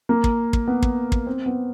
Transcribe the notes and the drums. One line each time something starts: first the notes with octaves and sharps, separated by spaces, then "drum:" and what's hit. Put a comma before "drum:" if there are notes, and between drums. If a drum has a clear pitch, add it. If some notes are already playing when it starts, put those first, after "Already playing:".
A#3
drum: kick
drum: kick
B3
drum: kick
drum: kick
C4
B3